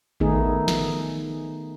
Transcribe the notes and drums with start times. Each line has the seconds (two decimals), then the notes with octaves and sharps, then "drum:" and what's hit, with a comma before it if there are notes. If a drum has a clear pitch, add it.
0.20 D#3 A3 B3 D#4 G#4, drum: kick A1
0.68 drum: snare